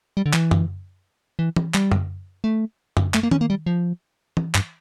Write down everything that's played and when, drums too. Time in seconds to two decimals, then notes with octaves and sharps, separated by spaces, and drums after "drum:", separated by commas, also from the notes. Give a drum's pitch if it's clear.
0.17 G3
0.26 D3
0.34 E3, drum: clap
0.51 drum: tom F#2
1.39 E3
1.56 drum: tom E3
1.75 G3, drum: clap
1.91 drum: tom F#2
2.44 A3
2.97 drum: tom F#2
3.14 A3, drum: clap
3.23 A#3
3.31 C#4, drum: tom D#3
3.41 A#3
3.50 G3
3.66 F3
4.37 drum: tom E3
4.55 G2, drum: clap